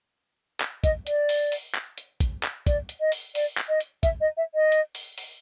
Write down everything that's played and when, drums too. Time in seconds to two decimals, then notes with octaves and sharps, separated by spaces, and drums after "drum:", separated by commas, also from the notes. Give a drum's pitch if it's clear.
0.60 drum: clap
0.84 D#5, drum: kick, hi-hat
1.07 D5, drum: hi-hat
1.29 drum: open hi-hat
1.52 drum: open hi-hat
1.75 drum: clap
1.98 drum: hi-hat
2.20 drum: kick, hi-hat
2.43 drum: clap
2.67 D5, drum: kick, hi-hat
2.89 drum: hi-hat
3.00 D#5
3.12 drum: open hi-hat
3.35 D5, drum: open hi-hat
3.58 drum: clap
3.69 D#5
3.80 drum: hi-hat
4.03 E5, drum: kick, hi-hat
4.21 D#5
4.37 E5
4.55 D#5
4.72 drum: hi-hat
4.95 drum: open hi-hat
5.18 drum: open hi-hat